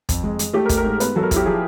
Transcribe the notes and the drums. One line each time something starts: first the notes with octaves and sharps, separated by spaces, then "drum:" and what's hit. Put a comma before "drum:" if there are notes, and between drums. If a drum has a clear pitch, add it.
F2, drum: kick, hi-hat
G#3
G#3, drum: hi-hat
A3 G4
A#4
A3, drum: kick, hi-hat
A#4
G#2
B3 B4, drum: hi-hat
F#3 A4
A#4
E4, drum: kick, hi-hat
G4
F3 G#4